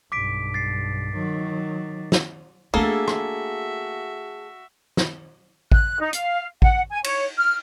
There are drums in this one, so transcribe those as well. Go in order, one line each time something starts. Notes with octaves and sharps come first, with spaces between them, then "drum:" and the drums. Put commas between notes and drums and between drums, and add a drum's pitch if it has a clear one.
B1 G2 D6 B6 D7
A6 C7
D#3 F#3
drum: snare
A3 A#3 D4 F#4 G#4 A4 E5
drum: rim click
drum: snare
F#6, drum: kick A1
D#4
F5, drum: hi-hat
F#5, drum: kick A1
G#5
C#5, drum: cymbal
F6